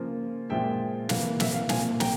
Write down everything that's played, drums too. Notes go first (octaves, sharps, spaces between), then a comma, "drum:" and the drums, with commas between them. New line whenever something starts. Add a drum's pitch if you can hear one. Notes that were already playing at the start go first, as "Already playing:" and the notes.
Already playing: C#3 F3 A#3
A#2 F3 G#3 E5 G5
E3 F5, drum: snare
A#3
E5, drum: snare
F5
A#2 F3 A#3 F5 G#5, drum: snare
G5 A#5, drum: snare